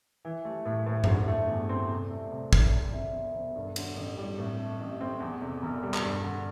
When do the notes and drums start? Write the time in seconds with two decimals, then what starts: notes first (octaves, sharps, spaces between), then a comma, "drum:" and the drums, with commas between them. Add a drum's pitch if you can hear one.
0.25 E3 E4
0.38 E4
0.45 A3 G4
0.66 A2 A4
0.86 A2 C5
1.04 C5, drum: tom G2
1.07 D3 A4
1.17 G4
1.27 A3 E4
1.38 D4
1.48 E2 E4
1.69 C4 G4
1.90 C3 A4
2.05 D5
2.10 A3 C5
2.31 C2
2.53 E4, drum: kick
2.73 D2 D5
2.93 C3 E5
3.14 E1 D5
3.34 E1 C5
3.56 G2 A4
3.76 D3 G4, drum: cymbal
3.96 A1 A4
4.17 G3 E4
4.33 D4
4.39 A2 C4
4.52 C4
4.58 A3 D4
4.80 A1
4.91 G4
5.00 C4 A4
5.20 E2 D5
5.41 C3 A4
5.62 E1
5.83 G3
5.94 drum: clap
6.03 G2
6.24 D3